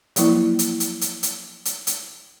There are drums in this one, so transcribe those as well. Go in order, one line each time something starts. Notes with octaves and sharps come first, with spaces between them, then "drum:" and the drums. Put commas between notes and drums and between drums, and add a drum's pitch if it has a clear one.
F3 F#3 A#3 E4, drum: hi-hat
drum: hi-hat
drum: hi-hat
drum: hi-hat
drum: hi-hat
drum: hi-hat
drum: hi-hat